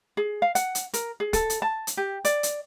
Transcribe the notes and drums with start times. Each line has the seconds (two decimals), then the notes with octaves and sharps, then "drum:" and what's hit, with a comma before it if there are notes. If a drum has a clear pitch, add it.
0.17 G#4
0.42 F5
0.55 F#5, drum: hi-hat
0.75 drum: hi-hat
0.94 A#4, drum: hi-hat
1.20 G#4
1.33 A4, drum: kick, hi-hat
1.50 drum: hi-hat
1.62 A5
1.87 drum: hi-hat
1.97 G4
2.25 D5, drum: hi-hat
2.43 drum: hi-hat